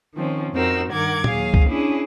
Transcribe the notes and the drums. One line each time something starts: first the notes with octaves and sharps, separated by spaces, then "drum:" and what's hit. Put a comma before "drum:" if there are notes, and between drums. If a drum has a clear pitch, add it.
D#3 F3 C4 C#4
F2 C4 D#4 F#4 A#4 E6
G2 D#3 A#4 F#5 D6 G#6
D#2 F#3 G#4 F5, drum: tom A#2
drum: kick
C#4 D4 E4 G#4